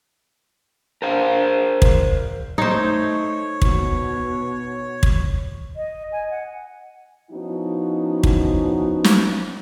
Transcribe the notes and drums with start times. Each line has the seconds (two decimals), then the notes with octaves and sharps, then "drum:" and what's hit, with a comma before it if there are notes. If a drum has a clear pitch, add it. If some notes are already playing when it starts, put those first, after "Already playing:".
1.02 A#4 C5 F5
1.82 drum: kick
2.58 A3 D#4 C5 C#5
3.62 B2, drum: kick
5.03 drum: kick
5.76 D#5
6.12 G#5
6.30 F#5
7.32 F3 B3 C#4 D#4 E4 F#4
8.23 drum: kick
9.04 drum: snare